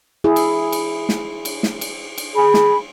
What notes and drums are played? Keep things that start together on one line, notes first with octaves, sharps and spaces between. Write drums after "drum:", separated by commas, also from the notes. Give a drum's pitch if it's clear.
E4 G#4
drum: cymbal
drum: cymbal
drum: snare
drum: cymbal
drum: snare
drum: cymbal
drum: cymbal
G#4 B5
drum: snare